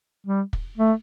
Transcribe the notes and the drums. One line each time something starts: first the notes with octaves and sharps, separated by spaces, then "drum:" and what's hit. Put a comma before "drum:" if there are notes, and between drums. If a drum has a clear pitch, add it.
G3
drum: kick
A3